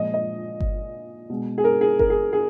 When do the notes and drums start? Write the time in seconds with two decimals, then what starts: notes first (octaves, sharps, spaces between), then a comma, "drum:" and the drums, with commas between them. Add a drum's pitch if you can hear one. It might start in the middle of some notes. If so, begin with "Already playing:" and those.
Already playing: A#2 F3 G#3 D#5
0.14 D#5
0.60 drum: kick G1
1.29 B2 G#3
1.58 G#4
1.64 A#4
1.81 G#4
1.99 A#4, drum: kick G1
2.10 G#4
2.33 G#4